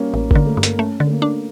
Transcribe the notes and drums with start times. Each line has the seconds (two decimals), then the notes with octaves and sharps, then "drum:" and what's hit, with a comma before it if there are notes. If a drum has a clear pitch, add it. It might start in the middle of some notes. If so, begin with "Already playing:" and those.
Already playing: G3 A#3 C#4
0.14 A1 A#3
0.31 D3 A#3, drum: kick G#1
0.46 A3
0.57 G2
0.63 A#3, drum: hi-hat
0.78 A3 C#4
1.00 D3
1.07 A3
1.11 A#3
1.22 D4